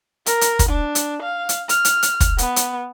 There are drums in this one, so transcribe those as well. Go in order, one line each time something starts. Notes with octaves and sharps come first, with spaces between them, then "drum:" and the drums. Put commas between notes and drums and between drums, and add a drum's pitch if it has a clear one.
A#4, drum: hi-hat
drum: hi-hat
drum: kick, hi-hat
D4
drum: hi-hat
F5
drum: hi-hat
F6, drum: hi-hat
drum: hi-hat
drum: hi-hat
drum: kick, hi-hat
B3, drum: hi-hat
drum: hi-hat